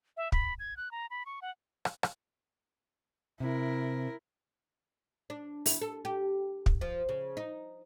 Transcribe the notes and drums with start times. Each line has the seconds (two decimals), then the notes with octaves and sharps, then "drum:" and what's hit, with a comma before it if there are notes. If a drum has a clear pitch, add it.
0.17 E5
0.32 B5, drum: kick
0.59 G#6
0.77 F#6
0.91 A#5
1.10 B5
1.26 C#6
1.42 F#5
1.85 drum: rim click
2.03 drum: rim click
3.40 C3 E4 A#4
5.30 D4
5.66 E4, drum: open hi-hat
5.81 A4
6.05 G4
6.66 drum: kick
6.81 F3
7.09 C#3
7.37 D#4